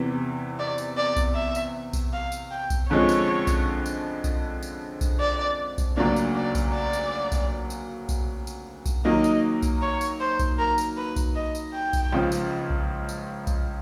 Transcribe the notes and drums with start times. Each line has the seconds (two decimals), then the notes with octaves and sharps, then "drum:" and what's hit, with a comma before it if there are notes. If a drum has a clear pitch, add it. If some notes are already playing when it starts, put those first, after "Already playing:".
Already playing: E2 C3 E3
0.59 D5
0.78 drum: tambourine
0.97 D5
1.16 drum: kick B1, tambourine
1.35 E5
1.55 drum: tambourine
1.93 drum: kick B1, tambourine
2.13 F5
2.32 drum: tambourine
2.51 G5
2.70 drum: kick B1, tambourine
2.89 F2 D3 F3 G#3 C#4 C#5
3.09 drum: tambourine
3.47 drum: kick B1, tambourine
3.86 drum: tambourine
4.24 drum: kick B1, tambourine
4.63 drum: tambourine
5.01 drum: kick B1, tambourine
5.20 D5
5.78 drum: kick B1, tambourine
5.97 D2 C#3 F#3 A#3 D4 D5
6.16 drum: tambourine
6.36 D5
6.55 drum: kick B1, tambourine
6.74 D5
6.93 drum: tambourine
7.32 drum: kick B1, tambourine
7.70 drum: tambourine
8.09 drum: kick B1, tambourine
8.47 drum: tambourine
8.86 drum: kick B1, tambourine
9.05 D#3 F#3 A#3 D#4 D#5
9.24 drum: tambourine
9.63 drum: kick B1, tambourine
9.82 C#5
10.01 drum: tambourine
10.20 C5
10.39 drum: kick B1, tambourine
10.59 A#4
10.78 drum: tambourine
10.97 B4
11.16 drum: kick B1, tambourine
11.35 D#5
11.55 drum: tambourine
11.74 G5
11.93 drum: kick B1, tambourine
12.12 C#2 C#3 F3
12.32 drum: tambourine
12.70 drum: kick B1
13.09 drum: tambourine
13.47 drum: kick B1, tambourine